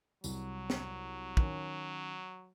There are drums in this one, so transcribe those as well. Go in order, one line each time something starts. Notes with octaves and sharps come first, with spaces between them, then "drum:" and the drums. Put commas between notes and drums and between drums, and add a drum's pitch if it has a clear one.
C2 F#3, drum: tambourine
drum: snare
D#3 C#4, drum: kick